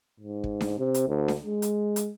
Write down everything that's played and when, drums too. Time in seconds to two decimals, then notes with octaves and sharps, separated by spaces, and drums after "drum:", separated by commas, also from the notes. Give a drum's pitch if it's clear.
0.20 G#2
0.44 drum: kick
0.61 drum: snare D4
0.78 C3
0.94 drum: hi-hat
1.08 D2
1.28 drum: snare D4
1.45 G#3
1.62 drum: hi-hat
1.96 drum: hi-hat